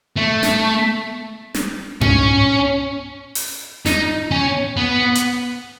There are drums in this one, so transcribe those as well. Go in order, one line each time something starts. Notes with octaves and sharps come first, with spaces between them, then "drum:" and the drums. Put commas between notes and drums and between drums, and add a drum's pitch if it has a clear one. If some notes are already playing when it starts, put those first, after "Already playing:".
A3
drum: snare
drum: snare
C#4, drum: tom G2
drum: open hi-hat
D#4, drum: snare
C#4
B3
drum: hi-hat